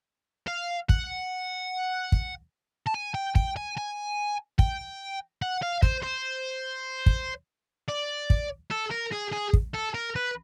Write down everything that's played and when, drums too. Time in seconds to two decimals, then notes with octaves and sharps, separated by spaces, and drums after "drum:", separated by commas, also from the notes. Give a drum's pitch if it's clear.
0.47 F5
0.89 F#5, drum: kick
2.12 drum: kick
2.87 A5
2.95 G#5
3.15 G5
3.35 G5, drum: kick
3.57 G#5
3.77 G#5
4.59 G5, drum: kick
5.42 F#5
5.62 F5
5.82 C5, drum: kick
6.03 C5
7.06 drum: kick
7.89 D5
8.30 drum: kick
8.71 A4
8.91 A#4
9.12 G#4
9.33 G#4
9.53 drum: kick
9.74 A4
9.95 A#4
10.16 B4